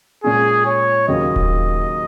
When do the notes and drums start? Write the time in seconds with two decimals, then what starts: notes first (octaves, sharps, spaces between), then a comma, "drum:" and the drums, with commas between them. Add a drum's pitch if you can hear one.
0.24 A#2 G#3 C#4 G#4
0.66 C#5
1.08 D#2 C#3 F#3 A#3 C#4 D#5
1.36 drum: kick D#1